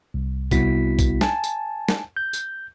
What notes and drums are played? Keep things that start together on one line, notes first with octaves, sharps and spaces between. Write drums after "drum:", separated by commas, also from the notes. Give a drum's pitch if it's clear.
C2
C2 B3 E4 F#4 B6, drum: kick, tambourine
drum: kick, tambourine
G#5 A5, drum: snare
drum: tambourine
drum: snare
G6
drum: tambourine